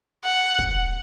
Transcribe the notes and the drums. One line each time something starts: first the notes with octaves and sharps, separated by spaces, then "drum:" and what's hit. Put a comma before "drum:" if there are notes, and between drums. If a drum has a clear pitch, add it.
F#5
drum: kick